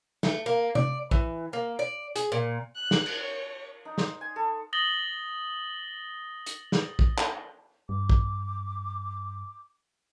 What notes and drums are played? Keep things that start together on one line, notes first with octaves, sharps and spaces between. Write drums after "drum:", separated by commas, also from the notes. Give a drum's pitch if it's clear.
A3, drum: snare
A#3
D5, drum: tom C3
E3, drum: kick
A#3
D5
G#4, drum: hi-hat
A#2
F#6
drum: snare
drum: cymbal
C#5
D#4
C6, drum: snare
G#5
A4
D#6 A6 A#6 F#7 G7
drum: hi-hat
drum: snare
drum: kick
drum: clap
G2 D6
drum: kick